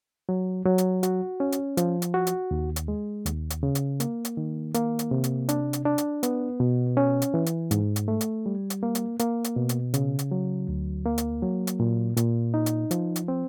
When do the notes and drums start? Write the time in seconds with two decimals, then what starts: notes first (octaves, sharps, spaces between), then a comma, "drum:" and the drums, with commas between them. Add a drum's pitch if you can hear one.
0.29 F#3
0.65 F#3
0.78 drum: hi-hat
1.03 F#4, drum: hi-hat
1.40 C#4
1.52 drum: hi-hat
1.77 F3, drum: hi-hat
2.02 drum: hi-hat
2.14 F#4
2.27 drum: hi-hat
2.51 D#2
2.76 drum: hi-hat
2.88 G#3
3.26 D#2, drum: hi-hat
3.50 drum: hi-hat
3.63 C#3
3.75 drum: hi-hat
4.00 A#3, drum: hi-hat
4.25 drum: hi-hat
4.37 D#3
4.74 A#3, drum: hi-hat
4.99 drum: hi-hat
5.11 C3
5.24 drum: hi-hat
5.49 D4, drum: hi-hat
5.73 drum: hi-hat
5.85 D4
5.98 drum: hi-hat
6.23 B3, drum: hi-hat
6.60 B2
6.97 C#4
7.22 drum: hi-hat
7.34 E3
7.46 drum: hi-hat
7.71 G#2, drum: hi-hat
7.96 drum: hi-hat
8.08 A3
8.21 drum: hi-hat
8.46 G3
8.70 drum: hi-hat
8.83 A#3
8.95 drum: hi-hat
9.19 A#3, drum: hi-hat
9.44 drum: hi-hat
9.56 B2
9.69 drum: hi-hat
9.94 C#3, drum: hi-hat
10.19 drum: hi-hat
10.31 F#3
10.68 D2
11.05 A#3
11.18 drum: hi-hat
11.42 F#3
11.67 drum: hi-hat
11.80 A#2
12.17 A#2, drum: hi-hat
12.54 D#4
12.66 drum: hi-hat
12.91 F3, drum: hi-hat
13.16 drum: hi-hat
13.28 C4